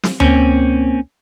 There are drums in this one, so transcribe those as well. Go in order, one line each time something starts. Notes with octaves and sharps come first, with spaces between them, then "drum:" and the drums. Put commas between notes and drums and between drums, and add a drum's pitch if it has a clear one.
drum: snare
A#3 C4 C#4, drum: tom D2